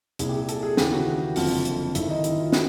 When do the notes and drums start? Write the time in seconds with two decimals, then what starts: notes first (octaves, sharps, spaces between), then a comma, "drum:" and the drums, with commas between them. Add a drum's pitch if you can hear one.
0.19 C2 A#2 G#4, drum: hi-hat
0.29 G4
0.38 G#4
0.49 A4, drum: hi-hat
0.63 G#4
0.77 D#2 C#3 E3 G4, drum: snare
0.91 F#4
1.36 F#1 F2 D3 F4, drum: open hi-hat
1.65 drum: hi-hat
1.95 G#1 G#2 D#3 E4, drum: hi-hat
2.10 D#4
2.24 E4, drum: hi-hat
2.38 F4
2.52 F#4, drum: snare